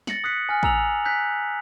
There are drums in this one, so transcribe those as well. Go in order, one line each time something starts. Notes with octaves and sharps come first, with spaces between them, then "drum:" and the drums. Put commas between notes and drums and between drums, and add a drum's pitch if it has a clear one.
A6 A#6 C#7 F#7, drum: snare
D#6 F#6 B6 C#7
G#5 F6
G#5 A#5 E6 F7 F#7, drum: kick
F#6 G6 B6